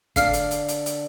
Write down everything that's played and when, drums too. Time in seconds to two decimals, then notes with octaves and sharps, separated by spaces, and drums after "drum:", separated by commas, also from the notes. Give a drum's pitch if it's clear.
0.16 D3 F5 F6 C7, drum: kick, hi-hat
0.34 drum: hi-hat
0.51 drum: hi-hat
0.69 drum: hi-hat
0.86 drum: hi-hat